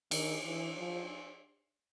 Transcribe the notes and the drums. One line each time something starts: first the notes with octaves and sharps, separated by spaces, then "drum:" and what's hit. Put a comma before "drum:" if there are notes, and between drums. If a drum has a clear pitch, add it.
D#3, drum: cymbal
E3
F3